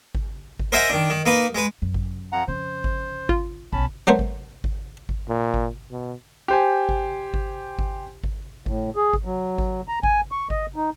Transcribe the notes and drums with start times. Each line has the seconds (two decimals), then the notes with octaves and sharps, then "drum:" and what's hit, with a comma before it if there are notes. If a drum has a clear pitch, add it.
0.15 drum: kick G#1
0.59 drum: kick G#1
0.72 A#4 C5 D#5 E5 F#5 G#5
0.90 D#3 D4
1.10 D#3
1.26 A#3 D#4 B4
1.55 G#3 B4
1.82 F#2
1.94 drum: kick G#1
2.32 F2 F#5 A#5
2.48 F2 C#3 C5
2.84 drum: kick G#1
3.29 F4, drum: kick G#1
3.73 B1 C#4 A5 B5, drum: kick G#1
4.07 F#3 A3 B3 A#4 C5 C#5
4.19 drum: kick G#1
4.64 drum: kick G#1
5.09 drum: kick G#1
5.29 A#2
5.54 drum: kick G#1
5.91 B2
6.48 G4 C5 G#5
6.89 drum: kick G#1
7.34 drum: kick G#1
7.79 drum: kick G#1
8.24 drum: kick G#1
8.66 A2, drum: kick G#1
8.96 G#4
9.13 drum: kick G#1
9.25 F#3
9.58 drum: kick G#1
9.88 A#5
10.03 G#5, drum: kick G#1
10.32 C#6
10.50 D#5, drum: kick G#1
10.76 D#4